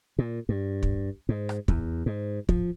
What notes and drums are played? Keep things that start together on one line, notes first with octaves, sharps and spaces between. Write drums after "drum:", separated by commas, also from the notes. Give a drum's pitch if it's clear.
A#2
G2
drum: kick
G#2
drum: rim click
E2, drum: kick
G#2
F3, drum: kick